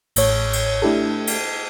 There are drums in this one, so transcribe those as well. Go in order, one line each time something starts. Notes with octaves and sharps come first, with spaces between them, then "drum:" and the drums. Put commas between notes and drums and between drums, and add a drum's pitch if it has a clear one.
A1 A2 C#5, drum: cymbal
drum: cymbal
A3 D4 E4 G4 A4
drum: cymbal